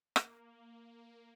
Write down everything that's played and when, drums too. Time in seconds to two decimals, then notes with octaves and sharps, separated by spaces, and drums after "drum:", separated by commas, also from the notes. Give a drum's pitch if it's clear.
0.16 A#3, drum: rim click